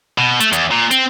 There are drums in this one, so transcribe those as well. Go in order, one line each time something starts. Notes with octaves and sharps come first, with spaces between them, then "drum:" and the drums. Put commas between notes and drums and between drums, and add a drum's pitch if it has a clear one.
B2
A3, drum: hi-hat
E2, drum: hi-hat
A#2
C4, drum: hi-hat